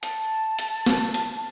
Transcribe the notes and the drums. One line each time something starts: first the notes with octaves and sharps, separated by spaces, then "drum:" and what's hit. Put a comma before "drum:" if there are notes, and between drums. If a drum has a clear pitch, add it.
A5, drum: hi-hat
drum: hi-hat
drum: snare
drum: hi-hat